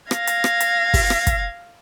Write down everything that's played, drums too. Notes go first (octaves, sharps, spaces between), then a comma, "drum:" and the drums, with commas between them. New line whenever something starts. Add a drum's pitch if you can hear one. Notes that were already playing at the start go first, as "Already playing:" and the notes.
F5 G#6 A#6, drum: rim click
drum: hi-hat
drum: rim click
drum: hi-hat
drum: kick, open hi-hat
drum: rim click
drum: kick, hi-hat